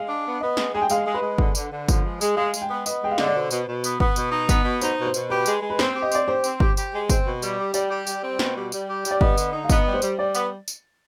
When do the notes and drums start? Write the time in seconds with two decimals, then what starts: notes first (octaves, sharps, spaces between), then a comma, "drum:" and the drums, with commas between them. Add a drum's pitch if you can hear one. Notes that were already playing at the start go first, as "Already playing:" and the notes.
Already playing: G#3 F5
0.08 D4
0.25 B3
0.41 B3 D#5
0.57 G#3, drum: snare
0.74 G#3 G#5
0.82 G5
0.90 G#3 F5, drum: tambourine
1.06 G#3
1.14 B4
1.22 G#3
1.38 D3, drum: kick G1
1.55 D3, drum: tambourine
1.71 D3
1.89 F3, drum: kick G1, tambourine
2.05 G#3
2.21 G#3, drum: tambourine
2.37 G#3 F5
2.54 G#3, drum: tambourine
2.62 G5
2.70 B3
2.86 B3 D#5, drum: tambourine
3.02 G#3 G5
3.11 F5
3.18 D3 D#5, drum: snare
3.27 D5
3.34 B2 C5
3.51 B2, drum: tambourine
3.67 B2
3.84 B3, drum: tambourine
4.00 B3, drum: kick G1
4.16 B2, drum: tambourine
4.32 D#4
4.49 B3, drum: kick G1, tambourine
4.64 B2
4.81 D#4 C5, drum: tambourine
4.98 B2
5.06 C5
5.14 B2, drum: tambourine
5.30 G4 B4
5.46 G#3, drum: tambourine
5.62 G#3
5.70 B4
5.79 C4 C5, drum: snare
5.96 G4
6.02 D#5
6.12 C4 D5, drum: tambourine
6.28 G4 C5
6.44 C4, drum: tambourine
6.60 G4, drum: kick G1
6.77 G4, drum: tambourine
6.93 G#3
7.10 C4, drum: kick G1, tambourine
7.25 B2
7.42 G3, drum: tambourine
7.58 G4
7.74 G3 D5, drum: tambourine
7.90 G4
8.07 G3, drum: tambourine
8.23 C4
8.39 B2, drum: snare
8.56 G3
8.72 G3, drum: tambourine
8.89 G4
9.05 G3, drum: tambourine
9.11 D5
9.21 B3 D#5, drum: kick G1
9.37 D3, drum: tambourine
9.53 D#4
9.64 F5
9.70 B3 D#5, drum: kick G1, tambourine
9.87 G3
9.94 C5
10.02 G3, drum: tambourine
10.19 G3 D5
10.35 B3, drum: tambourine
10.68 drum: tambourine